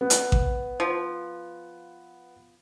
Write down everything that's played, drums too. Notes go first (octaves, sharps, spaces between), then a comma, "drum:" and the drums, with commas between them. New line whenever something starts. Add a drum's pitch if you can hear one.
B3
drum: hi-hat
drum: kick A1
F3